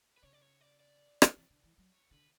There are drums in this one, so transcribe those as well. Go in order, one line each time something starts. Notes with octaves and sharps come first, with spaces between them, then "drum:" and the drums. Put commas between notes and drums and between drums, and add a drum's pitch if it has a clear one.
B4
C#3 C#5
D5
C#5
D5
D5
drum: rim click
E3
D3
E3
F#3
C#5
D3 B4